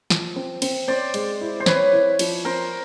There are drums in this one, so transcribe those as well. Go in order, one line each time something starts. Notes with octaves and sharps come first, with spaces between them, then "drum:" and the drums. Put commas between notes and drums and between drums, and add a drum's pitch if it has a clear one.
F3, drum: snare
C4
C4, drum: cymbal
C4 C5 D5
G#3, drum: cymbal
E4
C5
C4 B4 C#5, drum: snare
E4
F3, drum: cymbal
C4 A#4 C5